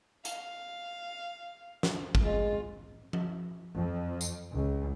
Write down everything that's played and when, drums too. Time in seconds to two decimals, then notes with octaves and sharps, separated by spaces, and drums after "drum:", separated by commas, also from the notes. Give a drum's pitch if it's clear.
0.25 F5, drum: hi-hat
1.83 drum: snare
2.15 drum: kick
2.25 G#3 F4
3.13 drum: tom F3
3.74 F2
4.21 drum: tambourine
4.54 C#2